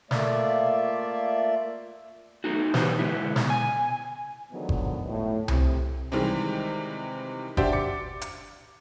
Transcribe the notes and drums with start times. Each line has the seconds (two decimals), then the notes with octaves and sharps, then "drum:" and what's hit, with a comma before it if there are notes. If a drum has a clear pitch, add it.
0.11 A3 A#3 F4 D5 E5, drum: snare
2.44 A3 B3 D#4 F#4
2.74 E3 F#3 D#4 G4 B4 C5, drum: snare
2.99 D3 G#3 B3 E4
3.36 drum: snare
3.50 G#5
4.51 D3 D#3 F3 F#3 G#3 B3
4.69 drum: kick G1
5.08 A2
5.48 C3, drum: tom C2
6.12 C3 D#3 E3 G3 G#3 D#4
7.57 D4 F#4 G4 C5 D5 E5, drum: kick G1
7.72 D6 A6 C#7
8.21 drum: hi-hat